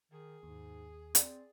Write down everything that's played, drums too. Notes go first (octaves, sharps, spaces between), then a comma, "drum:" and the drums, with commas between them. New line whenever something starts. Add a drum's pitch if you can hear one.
D#3 G#4
D#2 G#2
C4 D5, drum: hi-hat